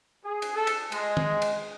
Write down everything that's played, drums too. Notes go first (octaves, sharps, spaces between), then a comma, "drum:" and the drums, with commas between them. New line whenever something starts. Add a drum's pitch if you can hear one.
G#4
drum: cymbal
A4
drum: cymbal
G#3, drum: cymbal
drum: tom D#3
drum: cymbal